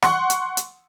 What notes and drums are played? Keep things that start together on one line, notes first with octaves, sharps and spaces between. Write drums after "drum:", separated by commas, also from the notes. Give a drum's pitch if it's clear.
F#5 C6 C#6, drum: rim click
drum: hi-hat
drum: hi-hat